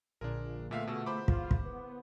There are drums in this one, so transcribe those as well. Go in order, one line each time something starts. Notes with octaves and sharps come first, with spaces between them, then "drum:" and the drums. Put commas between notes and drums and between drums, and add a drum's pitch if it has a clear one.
A#1 A#2 D3 D4 G#4 A#4
A#2 A3 B3 F4 E5 F5 A#6
B2 G#4 B4 F#5 E6
A#3 E4 C5 B5 D6
F4, drum: kick
drum: kick
B3